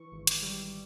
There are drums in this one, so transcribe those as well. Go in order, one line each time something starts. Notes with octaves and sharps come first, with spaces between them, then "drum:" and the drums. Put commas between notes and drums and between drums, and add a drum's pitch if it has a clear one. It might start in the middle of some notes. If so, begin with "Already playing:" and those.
Already playing: E3 C#6
G#1
D6, drum: hi-hat
G3